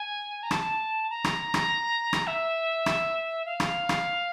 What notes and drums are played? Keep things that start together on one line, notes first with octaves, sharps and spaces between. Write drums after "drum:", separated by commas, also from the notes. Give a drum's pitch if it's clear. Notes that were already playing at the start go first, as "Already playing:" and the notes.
Already playing: G#5
A#5
A5, drum: rim click
A#5
drum: rim click
drum: rim click
drum: rim click
E5
drum: rim click
F5
drum: rim click
drum: rim click